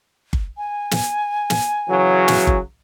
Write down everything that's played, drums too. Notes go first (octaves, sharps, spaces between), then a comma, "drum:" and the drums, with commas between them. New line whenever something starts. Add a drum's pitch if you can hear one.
drum: kick G1
G#5
drum: snare
drum: snare
C#3 E3 F#3
drum: snare
drum: kick G1